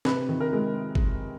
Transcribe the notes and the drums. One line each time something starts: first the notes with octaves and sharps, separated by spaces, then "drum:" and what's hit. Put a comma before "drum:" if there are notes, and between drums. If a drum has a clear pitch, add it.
C3 B4, drum: snare
D#3
A#4
G#3
drum: kick G1